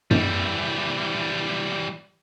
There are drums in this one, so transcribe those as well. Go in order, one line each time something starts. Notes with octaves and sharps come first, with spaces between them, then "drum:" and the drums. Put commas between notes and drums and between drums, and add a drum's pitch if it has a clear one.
E3 G3, drum: tom F#2